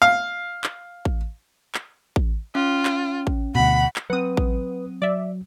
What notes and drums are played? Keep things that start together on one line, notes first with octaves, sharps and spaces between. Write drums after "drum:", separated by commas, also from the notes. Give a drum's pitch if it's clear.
F5
drum: clap
drum: kick A1
drum: clap
drum: kick A1
C#4 F4
drum: clap
drum: kick A1
D2 B2 F#5 B5
drum: clap
F#3 C4 B4 F#5 D#6
drum: kick A1
F#3 D5 E5